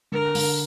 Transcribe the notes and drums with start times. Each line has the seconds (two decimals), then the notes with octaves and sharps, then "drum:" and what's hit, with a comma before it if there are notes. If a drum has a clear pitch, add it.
0.12 D3 A#4
0.35 D3, drum: open hi-hat